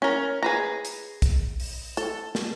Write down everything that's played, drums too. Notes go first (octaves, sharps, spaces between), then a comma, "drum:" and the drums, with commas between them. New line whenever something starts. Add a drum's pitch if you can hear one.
C#4 A#4
G#4 B4 A#5
drum: hi-hat
drum: kick A#1, hi-hat
drum: open hi-hat
A4, drum: hi-hat
drum: snare